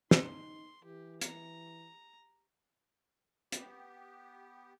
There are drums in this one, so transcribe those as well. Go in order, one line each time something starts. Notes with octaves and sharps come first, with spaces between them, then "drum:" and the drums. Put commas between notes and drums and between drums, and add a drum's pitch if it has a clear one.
D#4 C6, drum: snare
E3 G4
A#5, drum: hi-hat
B3 G4, drum: hi-hat